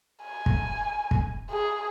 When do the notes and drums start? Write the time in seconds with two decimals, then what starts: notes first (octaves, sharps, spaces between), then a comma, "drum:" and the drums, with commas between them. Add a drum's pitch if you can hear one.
0.24 G#5
0.46 drum: kick
1.11 drum: kick
1.50 G#4